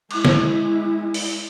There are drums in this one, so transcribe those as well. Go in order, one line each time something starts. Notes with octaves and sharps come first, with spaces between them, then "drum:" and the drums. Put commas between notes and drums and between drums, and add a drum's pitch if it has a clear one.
G#3 E4, drum: cymbal
drum: snare
drum: open hi-hat